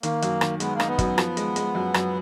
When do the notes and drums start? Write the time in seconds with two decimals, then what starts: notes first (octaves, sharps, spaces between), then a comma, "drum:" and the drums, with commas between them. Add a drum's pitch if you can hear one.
0.03 D#3 A#3, drum: hi-hat
0.22 F#2, drum: hi-hat
0.41 D#3, drum: rim click
0.60 G#3 B3, drum: hi-hat
0.74 A#3
0.80 D#4, drum: rim click
0.87 B3
0.99 F#2, drum: kick, hi-hat
1.18 F3, drum: rim click
1.37 G#3, drum: hi-hat
1.56 G#3, drum: hi-hat
1.75 F#2
1.94 F#2, drum: rim click